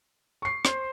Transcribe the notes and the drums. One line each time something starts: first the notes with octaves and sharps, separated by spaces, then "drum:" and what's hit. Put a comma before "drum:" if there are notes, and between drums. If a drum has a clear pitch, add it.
C#6 C7
C5, drum: rim click